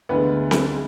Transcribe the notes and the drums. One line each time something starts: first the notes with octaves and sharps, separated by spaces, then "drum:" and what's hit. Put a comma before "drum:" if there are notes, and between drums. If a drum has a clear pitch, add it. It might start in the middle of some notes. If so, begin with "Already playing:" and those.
D2 D3 G#3 B3 B4
drum: snare C4
G#3